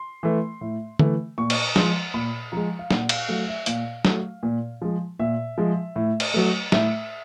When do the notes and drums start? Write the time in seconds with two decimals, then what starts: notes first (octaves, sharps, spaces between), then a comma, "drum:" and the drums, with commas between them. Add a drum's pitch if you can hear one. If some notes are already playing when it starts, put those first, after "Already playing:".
Already playing: C6
0.23 E3 A3
0.61 A2
0.99 E3 A3, drum: tom
1.38 A#2 C#6
1.50 drum: cymbal
1.76 F3 G#3 C6, drum: snare
2.14 A#2 B5
2.52 F3 G#3 A#5
2.79 F5
2.91 A#2 F#5, drum: snare
3.09 F5, drum: cymbal
3.28 F#3 A3 F5
3.48 E5
3.66 A#2 F5, drum: hi-hat
4.05 F#3 A3, drum: snare
4.43 A#2
4.82 F3 G#3
5.19 A#2 E5
5.58 F3 G#3
5.96 A2
6.20 drum: cymbal
6.34 F#3 A3
6.72 A2 E5, drum: snare